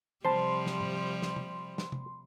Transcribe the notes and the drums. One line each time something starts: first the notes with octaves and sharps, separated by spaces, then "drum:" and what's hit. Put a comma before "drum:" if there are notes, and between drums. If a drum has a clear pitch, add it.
C3 F3 G3 C5 A5 B5 C6, drum: tom E3
drum: snare
drum: tom G#2
drum: snare
drum: tom C3
drum: snare
drum: tom C3